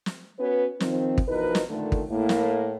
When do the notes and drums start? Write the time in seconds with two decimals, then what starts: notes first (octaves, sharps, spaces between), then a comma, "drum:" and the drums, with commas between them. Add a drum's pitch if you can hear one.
0.06 drum: snare
0.39 B3 C#4 F#4 B4
0.80 D#3 F3 C4, drum: snare
1.18 drum: kick
1.28 B2 E3 F3 D#4 A#4 B4
1.55 drum: snare
1.69 A#2 D3 D#3 A3
1.92 drum: kick
2.09 A2 A#3
2.29 drum: snare